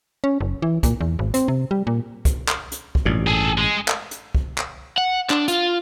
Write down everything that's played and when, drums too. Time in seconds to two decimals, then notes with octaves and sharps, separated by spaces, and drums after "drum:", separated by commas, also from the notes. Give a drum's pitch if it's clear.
0.24 C#4
0.41 F#1
0.62 E3
0.83 A#2, drum: kick, hi-hat
1.01 E2
1.19 G#1
1.34 C4, drum: hi-hat
1.48 C3
1.71 G3
1.87 A#2
2.25 drum: kick, hi-hat
2.48 drum: clap
2.72 drum: hi-hat
2.95 drum: kick
3.05 A1 G2 A#2
3.27 G#4 A4
3.58 G#3 G#4
3.88 drum: clap
4.11 drum: hi-hat
4.35 drum: kick
4.58 drum: clap
4.98 F#5
5.30 D4, drum: clap
5.48 F4, drum: hi-hat